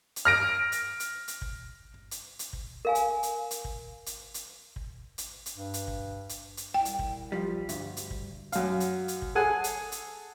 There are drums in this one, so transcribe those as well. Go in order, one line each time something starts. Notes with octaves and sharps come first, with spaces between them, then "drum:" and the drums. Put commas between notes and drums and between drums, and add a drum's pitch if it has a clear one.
drum: hi-hat
F6 A#6 D7
drum: hi-hat
drum: hi-hat
drum: hi-hat
drum: kick
drum: hi-hat
drum: hi-hat
drum: kick
A#4 F5 G#5
drum: hi-hat
drum: hi-hat
drum: hi-hat
drum: kick
drum: hi-hat
drum: hi-hat
drum: kick
drum: hi-hat
drum: hi-hat
G2
drum: hi-hat
drum: kick
drum: hi-hat
drum: hi-hat
C2 G5
drum: hi-hat
drum: kick
F3 G3
D2 G2 G3, drum: hi-hat
drum: hi-hat
drum: kick
F#2 F5, drum: hi-hat
drum: hi-hat
drum: hi-hat
drum: kick
G#4 A4 F#5 G#5
drum: hi-hat
drum: hi-hat